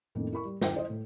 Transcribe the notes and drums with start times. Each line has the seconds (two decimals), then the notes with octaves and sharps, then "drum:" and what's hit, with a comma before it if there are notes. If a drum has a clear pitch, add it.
0.15 F2 A2 D#3 A#3 C#4
0.33 E4 A#4 B5 C#6
0.45 G3
0.62 D#1 G2 G5, drum: snare
0.74 E4 C5 D#5
0.89 A2